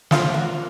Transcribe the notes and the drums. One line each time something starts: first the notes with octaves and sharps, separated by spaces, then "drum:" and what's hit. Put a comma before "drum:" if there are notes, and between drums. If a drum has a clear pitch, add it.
A#2 F3 A#3 F4, drum: snare
F#4